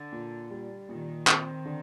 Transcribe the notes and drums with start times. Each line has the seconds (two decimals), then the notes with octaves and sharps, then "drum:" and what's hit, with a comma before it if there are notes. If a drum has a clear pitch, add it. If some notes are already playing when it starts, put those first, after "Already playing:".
Already playing: D3
0.12 A#2
0.51 G3
0.89 A#2 D#3
1.27 C4, drum: clap
1.65 D3